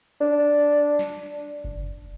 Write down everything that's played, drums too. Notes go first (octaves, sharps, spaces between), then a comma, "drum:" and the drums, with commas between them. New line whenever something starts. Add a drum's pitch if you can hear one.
D4
drum: snare
drum: kick F#1